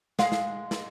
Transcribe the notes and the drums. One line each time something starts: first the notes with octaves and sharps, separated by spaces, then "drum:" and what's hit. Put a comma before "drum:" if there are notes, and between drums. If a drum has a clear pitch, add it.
G#3 F5, drum: snare
drum: snare
drum: snare